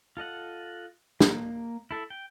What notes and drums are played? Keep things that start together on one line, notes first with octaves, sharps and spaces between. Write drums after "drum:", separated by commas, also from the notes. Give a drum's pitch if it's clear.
F4 A4 D#5 F#5
A#3, drum: snare
E4 A4 E5
G5